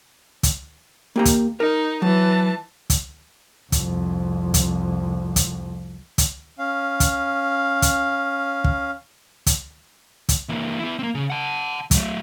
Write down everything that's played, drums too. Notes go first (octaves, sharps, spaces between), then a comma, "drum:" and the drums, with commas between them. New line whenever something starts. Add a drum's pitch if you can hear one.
drum: kick, hi-hat
A#3 G4 A#5
drum: kick, hi-hat
D#4 A#4
E3 F#3 A5
drum: kick, hi-hat
C2 F2, drum: kick, hi-hat
drum: kick, hi-hat
drum: kick, hi-hat
drum: kick, hi-hat
C#4 F5
drum: kick, hi-hat
drum: kick, hi-hat
drum: kick
drum: kick, hi-hat
drum: kick, hi-hat
E3 A#3
B3 E4
A#3 C4
C#3
F#5 A5
F#3 A3, drum: kick, hi-hat